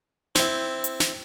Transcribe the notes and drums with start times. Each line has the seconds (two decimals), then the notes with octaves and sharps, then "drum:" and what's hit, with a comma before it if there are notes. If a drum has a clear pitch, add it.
0.35 C4 E4, drum: snare
0.84 drum: hi-hat
1.00 drum: snare